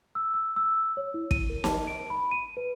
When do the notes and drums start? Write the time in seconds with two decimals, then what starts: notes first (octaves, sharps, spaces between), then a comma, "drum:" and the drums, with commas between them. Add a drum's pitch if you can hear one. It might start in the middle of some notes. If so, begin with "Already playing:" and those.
0.15 E6
0.34 E6
0.56 E6
0.97 C#5
1.14 E4
1.31 D#7, drum: kick
1.50 A#4
1.64 A5, drum: snare
1.87 D7
2.10 B5
2.31 D#7
2.57 B4